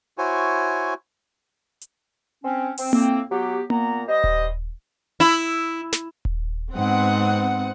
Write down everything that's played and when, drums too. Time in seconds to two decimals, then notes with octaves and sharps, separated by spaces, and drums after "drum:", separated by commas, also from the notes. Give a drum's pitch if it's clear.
0.18 E4 F#4 C5 C#5 G#5
1.81 drum: hi-hat
2.44 C4 C#4
2.78 C4, drum: open hi-hat
2.93 A2 A#3 C4, drum: tom A#3
3.31 F#3 B3 G4
3.70 A#2 A#3 B3 A#5, drum: tom A#3
4.08 G3 C5 D#5
4.24 drum: kick D#1
5.20 E4
5.93 drum: snare
6.25 drum: kick D#1
6.76 G#2 B3 C4 F#5 D#6